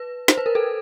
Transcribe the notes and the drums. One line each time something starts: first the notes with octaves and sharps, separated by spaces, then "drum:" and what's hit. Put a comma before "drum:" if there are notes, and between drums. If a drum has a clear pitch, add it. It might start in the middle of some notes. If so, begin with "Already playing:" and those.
Already playing: B4
C5, drum: snare
B4
A#4
A4